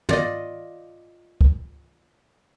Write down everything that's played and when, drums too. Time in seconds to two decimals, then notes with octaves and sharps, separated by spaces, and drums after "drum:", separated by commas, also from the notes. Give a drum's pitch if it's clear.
0.09 F4 D5 D#5, drum: tom
1.41 drum: kick